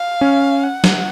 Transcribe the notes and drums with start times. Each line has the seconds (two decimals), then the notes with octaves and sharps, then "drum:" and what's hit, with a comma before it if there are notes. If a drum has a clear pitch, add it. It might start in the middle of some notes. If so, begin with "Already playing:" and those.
Already playing: F5
0.21 C#4
0.63 F#5
0.84 drum: snare